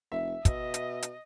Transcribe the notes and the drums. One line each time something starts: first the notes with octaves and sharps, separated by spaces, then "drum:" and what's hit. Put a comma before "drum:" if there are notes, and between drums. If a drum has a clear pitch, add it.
F1 E5
B2 D#5, drum: kick, hi-hat
drum: hi-hat
drum: hi-hat